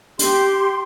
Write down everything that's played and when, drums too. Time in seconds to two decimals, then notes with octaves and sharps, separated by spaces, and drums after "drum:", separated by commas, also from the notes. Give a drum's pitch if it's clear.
0.19 G4 C6, drum: hi-hat